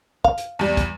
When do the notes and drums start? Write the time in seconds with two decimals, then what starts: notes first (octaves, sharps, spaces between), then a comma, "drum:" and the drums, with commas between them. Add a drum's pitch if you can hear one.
0.24 F5, drum: kick
0.38 drum: hi-hat
0.59 E2 G3
0.77 drum: kick, hi-hat